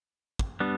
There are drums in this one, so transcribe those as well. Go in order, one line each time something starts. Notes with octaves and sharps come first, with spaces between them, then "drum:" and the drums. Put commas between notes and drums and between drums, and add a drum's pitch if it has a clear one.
drum: kick
G3 B3 D4